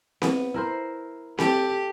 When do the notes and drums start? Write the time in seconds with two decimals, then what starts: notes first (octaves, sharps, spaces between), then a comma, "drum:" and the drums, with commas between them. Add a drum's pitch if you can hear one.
0.22 B3, drum: snare C4
0.54 E4 A#4 C5
1.39 G4 A4, drum: snare C4